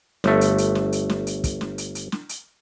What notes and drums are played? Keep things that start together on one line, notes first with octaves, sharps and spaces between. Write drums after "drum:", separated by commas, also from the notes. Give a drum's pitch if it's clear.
G1 A3, drum: snare
drum: hi-hat
drum: hi-hat
drum: snare
drum: hi-hat
drum: snare
drum: hi-hat
drum: kick, hi-hat
drum: snare
drum: hi-hat
drum: hi-hat
drum: snare
drum: hi-hat